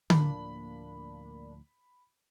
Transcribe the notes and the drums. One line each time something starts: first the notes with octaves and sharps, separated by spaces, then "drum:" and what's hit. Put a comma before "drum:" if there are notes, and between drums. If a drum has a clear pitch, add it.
D2 A2 F3 A#3 D4 B5, drum: tom D3